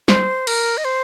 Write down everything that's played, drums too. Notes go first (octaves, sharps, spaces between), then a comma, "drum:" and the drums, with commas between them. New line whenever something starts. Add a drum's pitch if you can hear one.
C5, drum: snare
A#4, drum: cymbal
D#5
C5